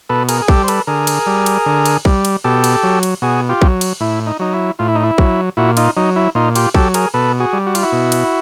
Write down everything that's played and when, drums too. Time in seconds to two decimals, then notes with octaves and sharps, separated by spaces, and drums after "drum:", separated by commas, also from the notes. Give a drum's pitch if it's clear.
0.09 B2 A4 B4
0.29 G#4 A#4, drum: cymbal
0.41 G#4
0.48 G3 G4 A4, drum: kick
0.64 C5
0.68 A4 B4, drum: cymbal
0.87 D3 G#4 A#4
1.07 drum: cymbal
1.27 G3
1.46 drum: cymbal
1.66 D3
1.85 drum: cymbal
2.05 G3, drum: kick
2.25 drum: cymbal
2.44 B2 G4 A4
2.64 drum: cymbal
2.83 F#3
3.03 drum: cymbal
3.22 B2 F#4 G#4
3.49 F4 G4
3.62 F#3, drum: kick
3.81 drum: cymbal
4.00 A2 E4
4.27 D#4
4.40 F#3 D#4
4.54 E4
4.79 A2 F4
4.88 E4
4.95 D#4
5.04 E4
5.18 F#3, drum: kick
5.57 A#2 E4 F#4
5.77 D#4 F4, drum: cymbal
5.96 F#3 D#4
6.16 E4
6.35 A#2 D#4 F4
6.55 F4 G4, drum: cymbal
6.75 F#3 G4 A4, drum: kick
6.94 G#4 A#4, drum: cymbal
7.14 B2 A4 B4
7.40 F#4 G#4
7.53 G3
7.66 F#4
7.75 F4, drum: cymbal
7.83 E4 F#4
7.92 B2
8.12 drum: cymbal